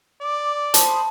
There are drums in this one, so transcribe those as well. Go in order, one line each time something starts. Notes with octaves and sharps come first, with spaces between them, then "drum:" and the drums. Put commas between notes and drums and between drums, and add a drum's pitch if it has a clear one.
D5 D6
C5 A5 B5 D#6, drum: hi-hat